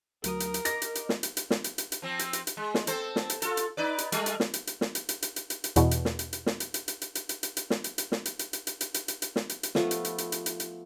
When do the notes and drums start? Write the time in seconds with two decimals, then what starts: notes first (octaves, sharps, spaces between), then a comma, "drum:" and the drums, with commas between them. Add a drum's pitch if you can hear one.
0.24 D2 F#3 A#4 D#6, drum: hi-hat
0.40 drum: hi-hat
0.54 drum: hi-hat
0.65 D#5 D6 A#6, drum: hi-hat
0.82 drum: hi-hat
0.95 drum: hi-hat
1.09 drum: snare
1.23 drum: hi-hat
1.37 drum: hi-hat
1.50 drum: snare
1.64 drum: hi-hat
1.78 drum: hi-hat
1.92 drum: hi-hat
2.02 F3 C4
2.19 drum: hi-hat
2.33 drum: hi-hat
2.47 drum: hi-hat
2.57 G#3
2.74 drum: snare
2.87 C4 A4 C5, drum: hi-hat
3.16 drum: snare
3.30 drum: hi-hat
3.42 F4 A4, drum: hi-hat
3.57 drum: hi-hat
3.77 D#4 B4 D5
3.98 drum: hi-hat
4.12 G3 A3, drum: hi-hat
4.26 drum: hi-hat
4.40 drum: snare
4.54 drum: hi-hat
4.67 drum: hi-hat
4.81 drum: snare
4.95 drum: hi-hat
5.09 drum: hi-hat
5.22 drum: hi-hat
5.36 drum: hi-hat
5.50 drum: hi-hat
5.64 drum: hi-hat
5.76 E2 B2, drum: hi-hat
5.91 drum: hi-hat
6.05 drum: snare
6.19 drum: hi-hat
6.33 drum: hi-hat
6.46 drum: snare
6.60 drum: hi-hat
6.74 drum: hi-hat
6.88 drum: hi-hat
7.02 drum: hi-hat
7.15 drum: hi-hat
7.29 drum: hi-hat
7.43 drum: hi-hat
7.57 drum: hi-hat
7.70 drum: snare
7.84 drum: hi-hat
7.98 drum: hi-hat
8.12 drum: snare
8.25 drum: hi-hat
8.39 drum: hi-hat
8.53 drum: hi-hat
8.67 drum: hi-hat
8.81 drum: hi-hat
8.94 drum: hi-hat
9.08 drum: hi-hat
9.22 drum: hi-hat
9.36 drum: snare
9.49 drum: hi-hat
9.63 drum: hi-hat
9.75 F3 A3 B3, drum: snare
9.91 drum: hi-hat
10.05 drum: hi-hat
10.18 drum: hi-hat
10.32 drum: hi-hat
10.46 drum: hi-hat
10.60 drum: hi-hat